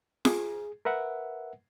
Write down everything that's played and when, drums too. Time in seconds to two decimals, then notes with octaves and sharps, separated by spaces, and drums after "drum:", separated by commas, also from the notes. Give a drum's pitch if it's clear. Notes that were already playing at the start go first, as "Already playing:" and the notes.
0.25 G#4, drum: snare F4
0.85 A#4 B4 E5 F#5